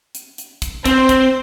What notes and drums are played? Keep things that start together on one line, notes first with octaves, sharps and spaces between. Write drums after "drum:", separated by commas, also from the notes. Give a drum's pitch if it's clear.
drum: hi-hat
drum: hi-hat
drum: kick, hi-hat
C4 C5, drum: kick, hi-hat
drum: kick, hi-hat